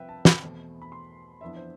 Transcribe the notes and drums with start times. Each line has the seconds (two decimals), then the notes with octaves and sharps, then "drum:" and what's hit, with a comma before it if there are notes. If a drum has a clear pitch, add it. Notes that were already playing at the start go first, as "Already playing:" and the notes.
Already playing: C2 C3 F3 B4 E5 G5
0.09 A5
0.25 B5, drum: snare
0.41 E2 B2 A3 C4
0.82 B5
0.92 C6
1.41 F2 E3 B3 D4 E5
1.57 C5